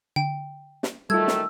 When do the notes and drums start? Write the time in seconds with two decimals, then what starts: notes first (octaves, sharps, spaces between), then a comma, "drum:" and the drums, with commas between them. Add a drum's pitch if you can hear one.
0.16 D3 G5
0.83 drum: snare
1.10 D#3 F#3 G3 A3 F4 E6 G#6
1.28 drum: snare